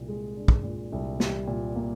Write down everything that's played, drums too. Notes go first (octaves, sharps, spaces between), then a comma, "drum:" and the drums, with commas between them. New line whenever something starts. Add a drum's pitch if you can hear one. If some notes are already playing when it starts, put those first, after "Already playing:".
Already playing: C2 A#2
G#3
D4
drum: kick
A#2
C2
G3, drum: snare
A#2
A#3